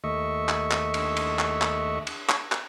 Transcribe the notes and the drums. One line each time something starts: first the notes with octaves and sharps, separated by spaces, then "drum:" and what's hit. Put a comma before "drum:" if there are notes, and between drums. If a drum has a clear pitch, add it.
D#2 A3 D#5 E5 C#6
drum: clap
drum: clap
drum: cymbal
drum: cymbal
drum: clap
drum: clap
drum: cymbal
drum: clap
drum: clap